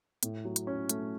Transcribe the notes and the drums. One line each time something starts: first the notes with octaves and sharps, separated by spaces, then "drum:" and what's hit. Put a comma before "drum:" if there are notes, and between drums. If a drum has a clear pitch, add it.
A2, drum: hi-hat
F#3
drum: hi-hat
C#4
A3, drum: hi-hat